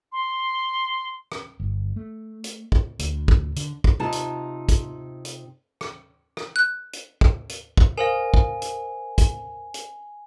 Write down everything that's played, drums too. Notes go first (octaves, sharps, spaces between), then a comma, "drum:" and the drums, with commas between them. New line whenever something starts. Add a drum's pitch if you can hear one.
C6
drum: rim click
G1
A3
drum: hi-hat
drum: kick
D2, drum: hi-hat
drum: kick
D3, drum: hi-hat
drum: kick
C3 D#4 F4 A5
drum: hi-hat
drum: kick, hi-hat
drum: hi-hat
drum: rim click
drum: rim click
F#6
drum: hi-hat
drum: kick
drum: hi-hat
drum: kick
A#4 C5 F5 G#5
drum: kick
drum: hi-hat
drum: kick, hi-hat
drum: hi-hat